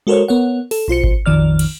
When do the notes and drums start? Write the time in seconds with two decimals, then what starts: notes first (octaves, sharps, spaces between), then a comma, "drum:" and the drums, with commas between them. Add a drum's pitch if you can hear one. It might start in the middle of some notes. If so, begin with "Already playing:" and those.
0.07 G#3 F#4 A4 A#4 C5 C#5
0.28 B3 A#4 C#5 F#5
0.71 A4, drum: open hi-hat
0.88 B1 F4 C5 C#7
1.04 drum: kick G#1
1.26 A#1 F2 D#3 D5 F6
1.59 drum: cymbal